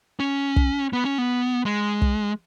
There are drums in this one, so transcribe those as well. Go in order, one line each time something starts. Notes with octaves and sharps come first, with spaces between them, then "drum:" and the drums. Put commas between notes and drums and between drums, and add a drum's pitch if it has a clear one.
C#4
drum: kick
B3
C#4
B3
G#3
drum: kick